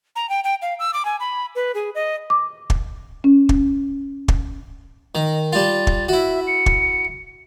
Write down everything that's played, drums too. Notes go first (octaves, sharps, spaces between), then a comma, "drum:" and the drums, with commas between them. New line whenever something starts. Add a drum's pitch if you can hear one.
A#5
G5
G5
F5
E6
D6
G#5
B5
B4
G#4
D#5
D6
drum: kick
C#4
drum: kick
drum: kick
D#3 D#5
G3 F4 A6
drum: kick
E4 F#4 E5
C#7
drum: kick